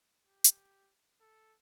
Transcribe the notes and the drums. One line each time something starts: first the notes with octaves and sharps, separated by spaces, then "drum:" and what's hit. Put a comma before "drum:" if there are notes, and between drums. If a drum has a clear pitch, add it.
G4
drum: hi-hat
A4